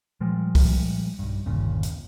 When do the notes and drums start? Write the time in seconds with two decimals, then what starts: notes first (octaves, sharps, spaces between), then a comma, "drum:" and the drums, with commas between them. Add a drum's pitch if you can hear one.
0.21 A#2 F3 G3 G#3
0.55 drum: kick, open hi-hat
1.19 B1 G2
1.46 G1 D#2 A#2 C#3
1.83 drum: hi-hat